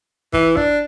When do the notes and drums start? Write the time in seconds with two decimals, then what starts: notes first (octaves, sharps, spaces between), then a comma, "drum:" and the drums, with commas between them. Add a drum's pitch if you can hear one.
0.33 E3, drum: kick
0.57 D4, drum: kick